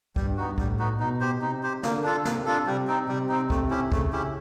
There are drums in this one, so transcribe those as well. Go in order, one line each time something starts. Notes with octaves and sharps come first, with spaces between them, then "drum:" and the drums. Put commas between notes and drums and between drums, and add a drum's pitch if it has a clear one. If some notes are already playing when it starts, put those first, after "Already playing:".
G2 G3, drum: kick
B3 D#4 F#4
A2 G3, drum: kick
B3 D#4 F#4
B2 D#4
G4 C5
C3 D#4
G4 C5
D3 A#3, drum: snare
D4 F4 A4
C3 A#3, drum: snare
D4 F4 A4
C3 G3
C4 D#4
C3 G3
C4 D#4
A3, drum: kick
C#4 E4 G4
C#3 A3, drum: kick
C#4 E4 G4